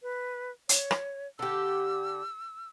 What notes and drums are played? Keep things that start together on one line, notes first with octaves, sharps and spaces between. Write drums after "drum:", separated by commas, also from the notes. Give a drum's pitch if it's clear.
B4
C#5, drum: hi-hat
drum: rim click
D3 G4 E6